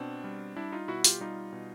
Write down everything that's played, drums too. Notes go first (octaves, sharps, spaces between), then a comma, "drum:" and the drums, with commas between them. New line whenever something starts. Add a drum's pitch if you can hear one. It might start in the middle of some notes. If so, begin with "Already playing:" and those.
Already playing: B2 C4 D4
G3
G3 D4 E4
D#4 F4
B2 E4 F#4
F4 G4, drum: open hi-hat
G3 D#4 F4
B2